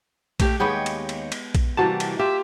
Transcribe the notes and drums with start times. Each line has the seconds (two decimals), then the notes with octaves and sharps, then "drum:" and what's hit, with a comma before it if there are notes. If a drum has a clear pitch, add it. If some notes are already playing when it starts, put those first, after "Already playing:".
0.40 A3 G4, drum: kick A#1, cymbal
0.60 D#2 G#3 B3 G4 C#5 G5
0.86 drum: cymbal
1.09 drum: cymbal
1.32 drum: cymbal
1.55 drum: kick A#1, cymbal
1.77 C3 E3 G3 A#3 F#4 A5
2.00 drum: cymbal
2.19 F4 G4 E5